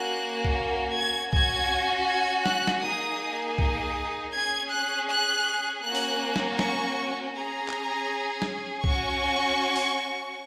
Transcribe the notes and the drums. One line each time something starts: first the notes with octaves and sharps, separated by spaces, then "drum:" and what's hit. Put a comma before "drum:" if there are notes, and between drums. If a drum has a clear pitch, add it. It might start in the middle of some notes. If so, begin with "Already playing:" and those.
Already playing: A#3 C#4 F#4 F#6
drum: kick C2
G#6
C#4 F#4 G#6, drum: kick C2
G#6
F#6, drum: snare
drum: snare
A#3 D#4 G#4 D#6
D#6, drum: kick C2
C#4 G#4 G#6
F#6
F#6
A#3 C#4 F#4 F#6
drum: open hi-hat
drum: snare
C#6, drum: snare
C#4 G#4 A#5
drum: clap
drum: snare
C#4 F#4 C#6, drum: kick C2
drum: open hi-hat